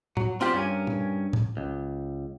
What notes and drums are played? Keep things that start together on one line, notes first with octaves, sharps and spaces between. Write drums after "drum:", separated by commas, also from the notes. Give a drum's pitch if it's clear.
F#3, drum: tom A2
C4 F4 G4 A4 C5 D5, drum: hi-hat
G2 C#4 A#4 G#5
drum: tom
drum: tom A2
C#2